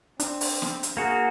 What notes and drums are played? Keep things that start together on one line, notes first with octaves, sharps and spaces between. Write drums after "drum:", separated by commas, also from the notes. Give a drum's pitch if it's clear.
C4 D4, drum: hi-hat
drum: open hi-hat
drum: snare
drum: hi-hat
A#3 F#4 G#4